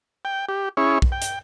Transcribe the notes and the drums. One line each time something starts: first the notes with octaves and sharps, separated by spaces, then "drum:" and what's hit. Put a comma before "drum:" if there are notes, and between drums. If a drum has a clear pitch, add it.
G5
G4
C#4 E4 G#4 C#5
drum: kick
G5
drum: hi-hat